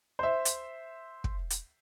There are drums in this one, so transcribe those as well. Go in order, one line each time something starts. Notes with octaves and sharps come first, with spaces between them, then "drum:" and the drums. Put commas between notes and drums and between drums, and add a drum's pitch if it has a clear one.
C5 E5
drum: hi-hat
drum: kick
drum: hi-hat